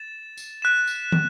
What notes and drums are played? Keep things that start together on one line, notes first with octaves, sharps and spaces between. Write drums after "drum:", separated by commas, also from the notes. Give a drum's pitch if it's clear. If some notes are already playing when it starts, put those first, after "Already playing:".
Already playing: A6 E7
drum: tambourine
F#6 B6 E7
drum: tambourine
drum: tom